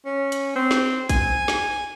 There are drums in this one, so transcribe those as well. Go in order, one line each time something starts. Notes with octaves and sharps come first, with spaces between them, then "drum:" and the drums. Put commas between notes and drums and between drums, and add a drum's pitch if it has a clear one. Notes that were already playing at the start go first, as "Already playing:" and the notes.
C#4
drum: hi-hat
C4
drum: snare
G#5, drum: kick, hi-hat
drum: snare